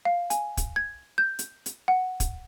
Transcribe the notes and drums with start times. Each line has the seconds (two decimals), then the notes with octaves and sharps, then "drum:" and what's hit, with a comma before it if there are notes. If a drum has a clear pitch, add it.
0.05 F5
0.30 G#5, drum: hi-hat
0.57 drum: kick, hi-hat
0.76 G#6
1.18 G6
1.39 drum: hi-hat
1.66 drum: hi-hat
1.88 F#5
2.20 drum: kick, hi-hat